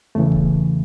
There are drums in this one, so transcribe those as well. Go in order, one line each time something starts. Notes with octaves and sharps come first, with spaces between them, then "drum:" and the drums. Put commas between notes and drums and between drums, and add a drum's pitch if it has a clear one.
E2 C#3 E3 A3
drum: kick D#1